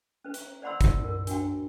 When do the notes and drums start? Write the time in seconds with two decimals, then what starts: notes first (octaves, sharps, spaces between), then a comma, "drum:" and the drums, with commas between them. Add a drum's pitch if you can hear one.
0.24 C#4 B4
0.34 drum: hi-hat
0.62 C5 D5 F#5 B5 C6 E6
0.81 drum: kick, hi-hat
1.04 A#4
1.27 D4 F#4 G5, drum: hi-hat